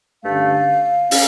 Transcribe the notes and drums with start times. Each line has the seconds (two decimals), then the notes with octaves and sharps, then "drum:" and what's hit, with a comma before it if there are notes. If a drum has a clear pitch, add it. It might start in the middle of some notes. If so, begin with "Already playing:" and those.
0.23 G2 D3 A3 C#4 F5
1.11 C#4, drum: open hi-hat